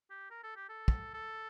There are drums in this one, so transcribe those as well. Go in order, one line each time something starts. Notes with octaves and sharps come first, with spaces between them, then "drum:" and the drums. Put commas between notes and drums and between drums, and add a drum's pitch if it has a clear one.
G4
A#4
A4
G4
A4
drum: kick
A4